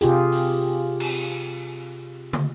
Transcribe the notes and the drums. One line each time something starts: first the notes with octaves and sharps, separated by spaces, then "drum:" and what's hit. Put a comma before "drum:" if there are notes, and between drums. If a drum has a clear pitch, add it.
C3 F4 G4 G#4, drum: hi-hat
drum: open hi-hat
drum: cymbal
drum: tom